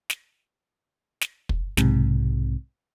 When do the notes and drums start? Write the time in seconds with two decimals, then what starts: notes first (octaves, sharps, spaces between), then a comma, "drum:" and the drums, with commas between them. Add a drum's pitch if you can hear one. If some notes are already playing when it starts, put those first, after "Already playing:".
0.10 drum: snare
1.21 drum: snare
1.49 drum: kick
1.77 B1 G#2 C3, drum: snare